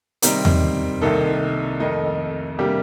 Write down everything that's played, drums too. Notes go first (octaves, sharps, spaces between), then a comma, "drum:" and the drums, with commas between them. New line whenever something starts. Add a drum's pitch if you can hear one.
C3 D#3 G3 C4 D#4 A#4, drum: hi-hat
drum: tom E2
C2 C3 D#3 A#3 D#4 A4
F2 D#3 A3 D#4
C3 G3 A#3 D4 G4